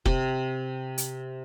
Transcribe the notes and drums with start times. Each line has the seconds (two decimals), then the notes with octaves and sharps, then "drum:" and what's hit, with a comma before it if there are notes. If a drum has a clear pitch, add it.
0.06 C3, drum: kick F1
0.98 drum: hi-hat